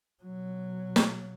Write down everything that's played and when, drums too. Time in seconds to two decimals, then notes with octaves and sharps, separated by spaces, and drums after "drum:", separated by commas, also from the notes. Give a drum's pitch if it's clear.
0.23 B2 F#3
0.96 drum: snare